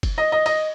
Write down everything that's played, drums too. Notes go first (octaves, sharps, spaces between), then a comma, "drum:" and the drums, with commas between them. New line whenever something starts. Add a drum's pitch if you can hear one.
drum: kick, cymbal
D#5
D#5
D#5, drum: cymbal